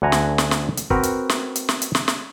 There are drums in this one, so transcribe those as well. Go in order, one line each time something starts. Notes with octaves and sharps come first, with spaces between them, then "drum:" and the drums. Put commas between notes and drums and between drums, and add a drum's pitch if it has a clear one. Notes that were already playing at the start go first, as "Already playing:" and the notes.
D2 D3 F#5 G#5 A#5
drum: snare
drum: snare
drum: snare
drum: hi-hat
C4 F#4 A#4 B4, drum: kick
drum: hi-hat
drum: snare
drum: hi-hat
drum: snare
drum: hi-hat
drum: snare
drum: snare